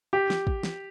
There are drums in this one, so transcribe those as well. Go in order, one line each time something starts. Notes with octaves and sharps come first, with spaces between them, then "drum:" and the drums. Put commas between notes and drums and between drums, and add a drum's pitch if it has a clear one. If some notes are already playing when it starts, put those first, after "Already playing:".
G4
drum: snare
drum: kick
drum: snare